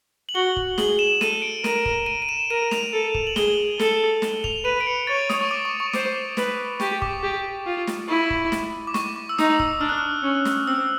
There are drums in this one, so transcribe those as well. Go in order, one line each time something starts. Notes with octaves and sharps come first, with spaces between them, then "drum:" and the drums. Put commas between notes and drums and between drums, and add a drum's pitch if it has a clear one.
F#7
F#4 G7
drum: kick
G#4 F#7, drum: snare
E7
A4 D#7, drum: snare
D7
A#4 D#7, drum: snare
drum: kick
D#7
D#7
E7
A#4 D#7
F7, drum: snare
A4
drum: kick
F#7
G#4 G7, drum: snare
A4, drum: snare
drum: snare
F7, drum: kick
B4 D#7
D7
C#7
C#5 A6
D#6, drum: snare
C#6
D6
C#6
C#6
C5 D6, drum: snare
B4, drum: snare
G4 C#6, drum: snare
D6, drum: kick
G4
F4
drum: snare
E4 C#6
drum: kick
drum: snare
D6
C#6, drum: snare
D6
E6
D#4 D#6, drum: snare
E6, drum: kick
D4 F6
F#6
F6
C#4
drum: snare
C4 E6